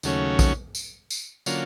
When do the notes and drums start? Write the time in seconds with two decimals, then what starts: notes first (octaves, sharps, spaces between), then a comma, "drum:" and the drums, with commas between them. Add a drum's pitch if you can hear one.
0.03 D#2 C#3 F#3 A3 C#4, drum: tambourine
0.39 drum: kick A#1, tambourine
0.75 drum: tambourine
1.10 drum: tambourine
1.46 D3 F#3 A#3 C#4 F4, drum: tambourine